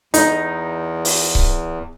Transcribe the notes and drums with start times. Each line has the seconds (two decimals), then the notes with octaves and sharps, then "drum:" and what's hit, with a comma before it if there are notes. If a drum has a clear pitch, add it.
0.14 E2 D#4, drum: hi-hat
1.05 drum: open hi-hat
1.35 drum: kick C#1